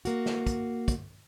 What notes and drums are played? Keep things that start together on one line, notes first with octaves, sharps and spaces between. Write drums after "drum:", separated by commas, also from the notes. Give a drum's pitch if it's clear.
A#3 F#4, drum: hi-hat
drum: snare
drum: kick, hi-hat
drum: kick, hi-hat